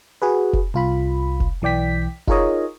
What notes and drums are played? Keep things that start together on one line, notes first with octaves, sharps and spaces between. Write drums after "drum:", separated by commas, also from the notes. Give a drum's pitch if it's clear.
F#4 G#4 B4
drum: kick F1
C2 F4 B5
drum: kick F1
B1 E3 D5 G5 B6
D#4 F4 G#4 A#4 C#5 D#5, drum: kick F1